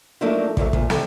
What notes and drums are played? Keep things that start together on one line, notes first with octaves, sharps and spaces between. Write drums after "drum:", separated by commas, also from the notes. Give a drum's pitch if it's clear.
F3 F#3 A3 A#3 D4 D#4
D#2 G#2 F#3 A3, drum: kick
D2 A#2, drum: kick
C3 G3 A4 G5, drum: snare